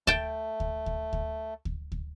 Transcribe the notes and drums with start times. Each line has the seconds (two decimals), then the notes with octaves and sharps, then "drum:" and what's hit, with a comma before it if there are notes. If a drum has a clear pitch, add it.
0.07 A3 G5 A5, drum: kick D2
0.60 drum: kick D2
0.86 drum: kick D2
1.13 drum: kick D2
1.65 drum: kick D2
1.92 drum: kick D2